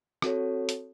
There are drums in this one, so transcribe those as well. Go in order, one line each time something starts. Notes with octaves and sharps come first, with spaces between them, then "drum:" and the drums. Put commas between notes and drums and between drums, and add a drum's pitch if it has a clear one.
C4 F#4 A4 C#5, drum: rim click
drum: hi-hat